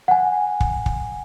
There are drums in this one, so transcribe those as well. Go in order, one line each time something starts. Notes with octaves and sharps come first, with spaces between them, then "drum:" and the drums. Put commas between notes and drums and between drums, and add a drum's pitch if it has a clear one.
F#5 G#5
drum: kick
drum: kick